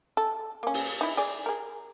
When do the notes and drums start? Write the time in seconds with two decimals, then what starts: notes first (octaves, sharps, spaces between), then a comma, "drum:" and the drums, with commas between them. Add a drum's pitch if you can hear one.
0.17 A4
0.63 A#3 C#4
0.74 drum: open hi-hat
1.01 D#4 E4
1.17 G#4 D5
1.46 G#4 A#4